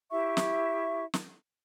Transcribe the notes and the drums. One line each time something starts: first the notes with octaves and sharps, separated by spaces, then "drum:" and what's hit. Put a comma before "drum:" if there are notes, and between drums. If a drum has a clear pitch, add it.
E4 G4 E5 C#6
drum: snare
drum: snare